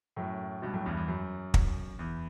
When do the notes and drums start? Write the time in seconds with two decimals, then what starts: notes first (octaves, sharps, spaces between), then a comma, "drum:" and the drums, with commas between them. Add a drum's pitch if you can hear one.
0.16 F#2 A2
0.62 G2 B2
0.74 F#2 A2
0.86 E2 G2
0.97 E2
1.08 F#2
1.54 drum: kick
1.99 E2